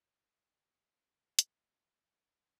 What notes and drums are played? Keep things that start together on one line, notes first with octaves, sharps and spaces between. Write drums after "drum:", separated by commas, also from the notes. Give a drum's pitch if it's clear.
C#3 A3 B5, drum: hi-hat